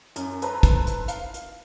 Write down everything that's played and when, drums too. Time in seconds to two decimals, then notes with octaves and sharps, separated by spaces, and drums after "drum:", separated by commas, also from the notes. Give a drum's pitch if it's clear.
0.16 F#2, drum: hi-hat
0.42 A4 B4 C5 A#5, drum: hi-hat
0.63 drum: kick, hi-hat
0.87 drum: hi-hat
1.08 F5, drum: hi-hat
1.34 drum: hi-hat